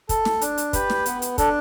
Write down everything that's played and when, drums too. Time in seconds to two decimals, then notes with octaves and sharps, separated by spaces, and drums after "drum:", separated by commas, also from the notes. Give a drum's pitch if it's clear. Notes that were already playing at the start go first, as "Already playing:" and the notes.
0.09 A4, drum: kick, hi-hat
0.25 drum: snare
0.41 D4, drum: hi-hat
0.58 drum: hi-hat
0.73 G4 B4, drum: kick, hi-hat
0.90 drum: snare
1.06 B3, drum: hi-hat
1.22 drum: hi-hat
1.38 D4 A4, drum: kick, hi-hat